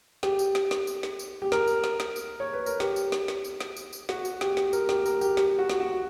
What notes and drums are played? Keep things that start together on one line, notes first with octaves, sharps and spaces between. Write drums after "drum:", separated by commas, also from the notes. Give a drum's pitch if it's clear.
G4, drum: snare
drum: tambourine
drum: snare
drum: snare
drum: tambourine
drum: snare
drum: tambourine
G4
A#4, drum: snare
drum: tambourine
drum: snare
drum: snare
drum: tambourine
C#5
B4
A#4, drum: tambourine
G4, drum: snare
drum: tambourine
drum: snare
drum: snare
drum: tambourine
drum: snare
drum: tambourine
drum: tambourine
F#4, drum: snare
drum: tambourine
G4, drum: snare
drum: snare
A#4, drum: tambourine
G4, drum: snare
A#4, drum: tambourine
G4, drum: tambourine
G4, drum: snare
F#4
drum: snare
F#4